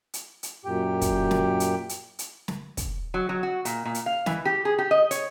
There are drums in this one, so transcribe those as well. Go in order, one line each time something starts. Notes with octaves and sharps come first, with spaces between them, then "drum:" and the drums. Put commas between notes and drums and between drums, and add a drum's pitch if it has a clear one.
drum: hi-hat
drum: hi-hat
F#2 A#2 G4 G5
drum: kick, hi-hat
drum: snare
drum: hi-hat
drum: hi-hat
drum: hi-hat
drum: snare
drum: kick, hi-hat
F#3
F#3
F#4
A#2, drum: hi-hat
A#2
drum: hi-hat
F5
E3, drum: snare
G4
G#4
G4
D#5
C#5, drum: hi-hat